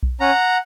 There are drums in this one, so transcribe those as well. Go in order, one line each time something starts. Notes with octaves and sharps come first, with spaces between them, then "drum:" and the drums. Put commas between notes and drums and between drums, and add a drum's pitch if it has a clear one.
drum: kick B1
C#4 F#5 A#5